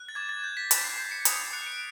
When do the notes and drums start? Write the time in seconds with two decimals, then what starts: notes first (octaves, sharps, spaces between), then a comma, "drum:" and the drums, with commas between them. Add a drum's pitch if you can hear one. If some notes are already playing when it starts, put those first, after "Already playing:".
Already playing: F#6
0.09 A6
0.15 D6 G#6
0.29 A6
0.44 G6
0.57 B6
0.71 D6 B6, drum: hi-hat
0.84 C7
0.98 G6 C7
1.11 C#7
1.25 D#6 C#7, drum: hi-hat
1.53 F#6 C#7
1.67 D7